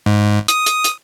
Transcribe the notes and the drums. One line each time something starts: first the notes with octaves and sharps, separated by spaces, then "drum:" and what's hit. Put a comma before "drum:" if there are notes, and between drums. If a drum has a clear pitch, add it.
G#2
D#6, drum: hi-hat
drum: hi-hat
drum: hi-hat